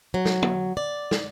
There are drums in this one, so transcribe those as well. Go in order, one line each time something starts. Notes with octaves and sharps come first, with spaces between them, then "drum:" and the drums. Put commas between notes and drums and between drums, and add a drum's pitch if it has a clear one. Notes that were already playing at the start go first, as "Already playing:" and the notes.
F#3
drum: snare
drum: tom
D5
drum: snare